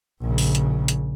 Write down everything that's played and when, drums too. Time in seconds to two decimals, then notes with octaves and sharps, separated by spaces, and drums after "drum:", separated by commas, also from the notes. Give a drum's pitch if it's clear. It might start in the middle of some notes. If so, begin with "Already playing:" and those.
0.21 A#1 C#3
0.38 drum: open hi-hat
0.55 drum: hi-hat
0.88 drum: hi-hat